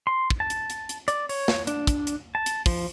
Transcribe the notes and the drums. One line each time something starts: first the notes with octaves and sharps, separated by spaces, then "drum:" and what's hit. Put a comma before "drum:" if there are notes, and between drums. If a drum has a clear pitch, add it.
C6
drum: kick
A5
drum: hi-hat
drum: hi-hat
drum: hi-hat
D5, drum: hi-hat
C#5, drum: open hi-hat
drum: snare
D4, drum: hi-hat
drum: kick, hi-hat
drum: hi-hat
A5
drum: hi-hat
F3, drum: kick, open hi-hat